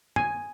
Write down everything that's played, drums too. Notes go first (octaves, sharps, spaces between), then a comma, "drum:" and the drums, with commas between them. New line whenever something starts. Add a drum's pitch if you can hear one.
G#5, drum: tom